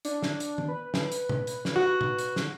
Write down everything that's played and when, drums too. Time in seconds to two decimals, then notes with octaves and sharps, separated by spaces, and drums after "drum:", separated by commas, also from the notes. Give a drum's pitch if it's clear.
0.05 D4, drum: hi-hat
0.22 drum: snare
0.40 drum: hi-hat
0.58 drum: tom D#3
0.68 B4
0.94 drum: snare
1.12 drum: hi-hat
1.29 drum: tom B2
1.47 drum: hi-hat
1.65 drum: snare
1.76 F#4
2.01 drum: tom B2
2.19 drum: hi-hat
2.36 drum: snare